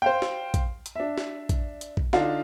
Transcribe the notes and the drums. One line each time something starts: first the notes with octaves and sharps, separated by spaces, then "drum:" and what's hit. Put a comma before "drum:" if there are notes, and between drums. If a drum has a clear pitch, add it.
C5 F5 G5
drum: snare
drum: kick, hi-hat
drum: hi-hat
D4 E5
drum: snare
drum: kick, hi-hat
drum: hi-hat
drum: kick
D3 D4 D#4 F4, drum: snare